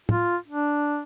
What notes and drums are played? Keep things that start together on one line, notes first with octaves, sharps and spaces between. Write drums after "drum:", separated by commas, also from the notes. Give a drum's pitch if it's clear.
F4, drum: tom
D4